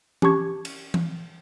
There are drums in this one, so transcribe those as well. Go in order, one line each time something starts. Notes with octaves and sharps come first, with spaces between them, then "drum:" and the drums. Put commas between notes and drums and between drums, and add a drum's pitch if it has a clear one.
C#4 G4 A5 C#6 G#6, drum: tom E3
drum: cymbal
drum: tom E3